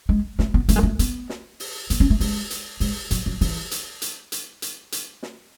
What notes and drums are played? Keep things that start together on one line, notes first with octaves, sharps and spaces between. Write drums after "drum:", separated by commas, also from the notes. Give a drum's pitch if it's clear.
G#3
A3, drum: snare
B3
A3, drum: hi-hat
G#3
A3
B3, drum: hi-hat
drum: snare
drum: open hi-hat
B3, drum: hi-hat
C#4
A3
G#3, drum: open hi-hat
drum: hi-hat
G#3, drum: open hi-hat
F#3, drum: hi-hat
F#3
E3, drum: open hi-hat
drum: hi-hat
drum: hi-hat
drum: hi-hat
drum: hi-hat
drum: hi-hat
drum: snare